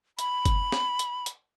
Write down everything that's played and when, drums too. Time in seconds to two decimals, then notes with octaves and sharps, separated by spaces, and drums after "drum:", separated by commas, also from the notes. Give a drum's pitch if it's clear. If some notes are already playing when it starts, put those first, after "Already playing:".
0.19 B5, drum: hi-hat
0.46 drum: kick, hi-hat
0.72 drum: snare
0.99 drum: hi-hat
1.26 drum: hi-hat